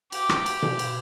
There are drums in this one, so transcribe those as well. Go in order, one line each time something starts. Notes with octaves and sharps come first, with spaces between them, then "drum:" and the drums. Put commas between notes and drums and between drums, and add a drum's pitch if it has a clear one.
G4, drum: cymbal
drum: rim click
drum: cymbal
drum: tom B2
drum: cymbal